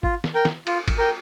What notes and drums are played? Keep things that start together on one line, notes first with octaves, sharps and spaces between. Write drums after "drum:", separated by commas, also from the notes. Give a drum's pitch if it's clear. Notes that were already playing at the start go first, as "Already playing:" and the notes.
F4, drum: kick G#1
drum: snare
A#4 G5
drum: snare
F4, drum: cymbal
drum: kick G#1, cymbal
A#4 G5